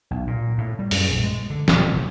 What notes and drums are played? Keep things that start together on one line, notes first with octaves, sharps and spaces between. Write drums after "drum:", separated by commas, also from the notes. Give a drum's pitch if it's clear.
B1
A#2
A2
G3
F#2, drum: open hi-hat
A#1
G#3
D3
D#1, drum: snare
F3
F1